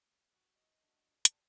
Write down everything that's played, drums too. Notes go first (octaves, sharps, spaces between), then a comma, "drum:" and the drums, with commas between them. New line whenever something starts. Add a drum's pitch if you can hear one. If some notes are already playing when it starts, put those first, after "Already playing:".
F#4
D#5
D4 F#4
B3 D5 G5 A5, drum: hi-hat